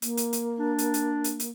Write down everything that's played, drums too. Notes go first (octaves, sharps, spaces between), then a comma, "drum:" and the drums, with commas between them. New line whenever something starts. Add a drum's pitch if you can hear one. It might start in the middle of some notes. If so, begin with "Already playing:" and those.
A#3, drum: hi-hat
drum: hi-hat
drum: hi-hat
D4
drum: hi-hat
drum: hi-hat
drum: hi-hat
drum: hi-hat